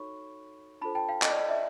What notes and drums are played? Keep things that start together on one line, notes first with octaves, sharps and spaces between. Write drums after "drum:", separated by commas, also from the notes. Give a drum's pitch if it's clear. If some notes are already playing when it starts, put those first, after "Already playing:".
Already playing: D#4 F#4 A4 C#5 B5 C#6
D4 F4 A4 C5 A5 B5
G5 A5
F5 G5
D#5, drum: clap
D5
D#5
D5 E5